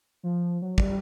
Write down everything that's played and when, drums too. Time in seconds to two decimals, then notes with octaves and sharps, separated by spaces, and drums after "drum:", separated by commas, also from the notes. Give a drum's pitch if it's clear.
0.23 F3
0.62 F#3
0.78 G3, drum: kick